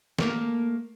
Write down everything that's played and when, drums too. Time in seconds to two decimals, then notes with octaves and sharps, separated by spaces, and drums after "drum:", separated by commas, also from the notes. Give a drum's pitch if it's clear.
0.19 A3 A#3 A#4, drum: snare